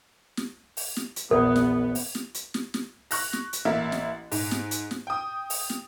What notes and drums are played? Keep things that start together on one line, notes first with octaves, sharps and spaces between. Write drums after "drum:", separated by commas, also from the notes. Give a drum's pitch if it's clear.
drum: snare
drum: open hi-hat
drum: snare
drum: hi-hat
A#1 E2 B3 A#4
drum: snare
drum: open hi-hat
drum: snare
drum: hi-hat
drum: snare
drum: snare
C#6 F#6 A#6, drum: open hi-hat
drum: snare
drum: hi-hat
A1 A#3 E5
drum: snare
G#2, drum: open hi-hat
drum: snare
drum: hi-hat
drum: snare
G5 D#6
drum: open hi-hat
drum: snare